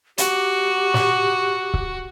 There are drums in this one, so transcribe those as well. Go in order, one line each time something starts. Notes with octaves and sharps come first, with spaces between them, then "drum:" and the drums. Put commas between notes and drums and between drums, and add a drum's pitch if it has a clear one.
F#4 G4, drum: hi-hat
drum: snare
drum: kick C#1